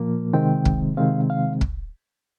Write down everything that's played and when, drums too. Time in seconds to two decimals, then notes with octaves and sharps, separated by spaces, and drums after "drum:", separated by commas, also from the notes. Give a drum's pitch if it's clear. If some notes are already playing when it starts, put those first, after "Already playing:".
Already playing: A#2 F3 A#3
0.33 C3 D#3 G#3 C4 G5
0.65 drum: kick
0.97 C3 D#3 G#3 C4 F5
1.30 F5
1.61 drum: kick